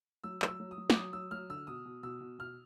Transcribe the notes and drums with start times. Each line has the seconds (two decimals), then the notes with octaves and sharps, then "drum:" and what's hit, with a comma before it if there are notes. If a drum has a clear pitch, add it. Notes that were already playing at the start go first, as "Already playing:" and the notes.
0.24 F#3 E6
0.42 F#3, drum: clap
0.48 E6
0.60 F#3
0.71 D#6
0.78 F#3
0.90 D6, drum: snare
0.95 F#3 D#6
1.13 F#3 E6
1.31 F#3 F6
1.50 D3 E6
1.67 B2 D#6
1.85 B2
2.03 B2 E6
2.21 B2
2.39 B2 F6